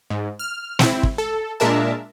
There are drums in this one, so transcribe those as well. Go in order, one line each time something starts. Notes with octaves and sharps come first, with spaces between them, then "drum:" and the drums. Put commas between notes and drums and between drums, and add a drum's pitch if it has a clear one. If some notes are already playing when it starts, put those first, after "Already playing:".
G#2
F6
C4 E4, drum: snare
drum: kick
A4
A#2 G#3 D4 A#4 E5 A5